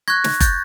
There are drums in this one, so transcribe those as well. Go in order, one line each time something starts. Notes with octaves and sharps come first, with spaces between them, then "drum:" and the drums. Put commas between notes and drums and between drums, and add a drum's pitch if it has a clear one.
C#6 F#6 G#6 A#6
drum: snare
G6 A6, drum: kick G1, hi-hat